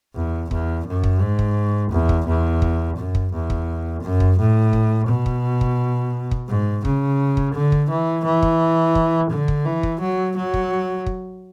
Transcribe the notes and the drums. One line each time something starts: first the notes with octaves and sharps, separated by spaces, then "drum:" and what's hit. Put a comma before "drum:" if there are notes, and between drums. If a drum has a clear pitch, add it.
E2
E2, drum: kick
F#2
drum: kick
G#2
drum: kick
E2
drum: kick
E2
drum: kick
F#2
drum: kick
E2
drum: kick
F#2
drum: kick
A2
drum: kick
B2
drum: kick
drum: kick
drum: kick
G#2
C#3, drum: kick
drum: kick
D3
drum: kick
E3
E3
drum: kick
drum: kick
D3
drum: kick
E3
drum: kick
F#3
F#3
drum: kick
drum: kick